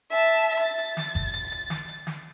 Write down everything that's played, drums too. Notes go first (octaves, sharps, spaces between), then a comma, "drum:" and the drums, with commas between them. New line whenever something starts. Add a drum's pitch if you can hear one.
E5 A5
A6, drum: hi-hat
drum: hi-hat
drum: snare
drum: kick G1, hi-hat
drum: hi-hat
drum: hi-hat
drum: snare
drum: hi-hat
drum: snare